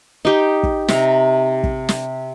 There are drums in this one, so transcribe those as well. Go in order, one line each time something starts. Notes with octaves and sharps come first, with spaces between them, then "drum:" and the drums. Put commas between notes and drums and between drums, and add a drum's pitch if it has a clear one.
D#4 G4
drum: kick
C3 A#5, drum: snare
drum: kick
drum: snare